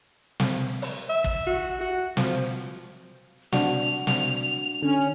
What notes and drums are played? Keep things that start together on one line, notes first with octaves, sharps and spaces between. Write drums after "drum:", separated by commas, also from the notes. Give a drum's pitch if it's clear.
drum: snare
drum: open hi-hat
E5
drum: kick
F#4
F#4
F3, drum: snare
D4 F#4 F7, drum: snare
drum: snare
D3 C#4